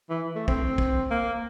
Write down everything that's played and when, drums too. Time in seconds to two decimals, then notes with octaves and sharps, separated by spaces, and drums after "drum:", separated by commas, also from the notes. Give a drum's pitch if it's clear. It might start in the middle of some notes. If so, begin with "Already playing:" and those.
0.10 E3
0.35 A3
0.48 C4, drum: kick
0.78 drum: kick
1.11 A#3